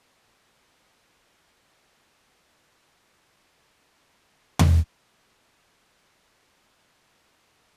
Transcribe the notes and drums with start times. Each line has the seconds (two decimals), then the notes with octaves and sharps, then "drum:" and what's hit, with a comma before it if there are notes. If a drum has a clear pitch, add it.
0.18 A#5
0.79 C#3 D#5 A#5 F6
1.88 A2 F#3 G3
2.09 A2 C#4 D4 G#4 B5
2.95 A5 D6 E6 G#6
4.59 drum: tom E2
6.03 G#1 G3 F5 D6
6.38 C3 G3 C4
6.91 E2 G2 D3 C#5 D#5 F5
7.59 A3 C4